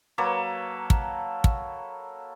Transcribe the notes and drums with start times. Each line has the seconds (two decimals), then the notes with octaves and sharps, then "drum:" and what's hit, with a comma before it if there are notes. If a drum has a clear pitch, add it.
0.18 F#3 A#3 A4 B4
0.90 drum: kick
1.44 drum: kick